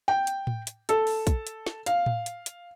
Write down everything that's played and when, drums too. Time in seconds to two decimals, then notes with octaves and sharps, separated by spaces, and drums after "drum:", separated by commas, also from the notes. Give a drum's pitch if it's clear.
0.08 G5
0.27 drum: hi-hat
0.47 drum: tom A2
0.67 drum: hi-hat
0.89 A4, drum: hi-hat
1.07 drum: open hi-hat
1.27 drum: kick, hi-hat
1.47 drum: hi-hat
1.67 drum: snare
1.86 F5, drum: hi-hat
2.06 drum: tom A2
2.26 drum: hi-hat
2.46 drum: hi-hat